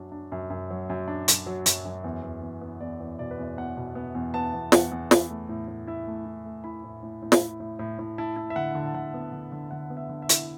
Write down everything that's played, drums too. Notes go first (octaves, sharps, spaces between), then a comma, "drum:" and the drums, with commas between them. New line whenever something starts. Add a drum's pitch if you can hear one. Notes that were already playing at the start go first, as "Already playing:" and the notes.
Already playing: F#2 F#3 D4
D4
F#2
F#2
F#3
F#2
D4
F#2, drum: hi-hat
F#3
F#2, drum: hi-hat
F#2
E2
E2
E2
B3
E2 D5
E2
B2 D5
B4
E2 D5
E2 F#5
B2
B3
E2
B3 A5
E2
E2 F#5, drum: snare
E2
E4, drum: snare
A3
A2
A2
E4 E5
A3
E4
A3
E4 B5
A2
A2
A2
drum: snare
E4
A2
A2
A2
E4 A5
E4
E5
D3 F#5
D3
A5
D3 F#5
B3
D3
D3
D3 F#5
B3
E5
D3
E5
E4, drum: hi-hat